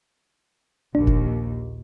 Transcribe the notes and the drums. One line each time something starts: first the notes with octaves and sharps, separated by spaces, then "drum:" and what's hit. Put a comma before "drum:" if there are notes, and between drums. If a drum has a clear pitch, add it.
A#1 D#2 D4
drum: kick F1